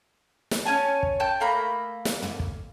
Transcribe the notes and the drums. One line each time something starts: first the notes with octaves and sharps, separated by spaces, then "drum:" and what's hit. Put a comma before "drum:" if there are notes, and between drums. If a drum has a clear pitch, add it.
drum: snare
C#4 C#5 G#5 A5
drum: kick
G5 A5 G6
A3 A#3 A#5 B5
drum: snare
drum: tom
drum: kick